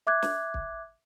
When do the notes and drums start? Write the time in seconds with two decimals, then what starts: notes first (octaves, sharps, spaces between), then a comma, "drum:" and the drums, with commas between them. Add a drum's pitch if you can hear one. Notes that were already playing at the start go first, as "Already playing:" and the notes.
0.07 E5 D6 F#6 G#6
0.22 drum: snare
0.54 drum: kick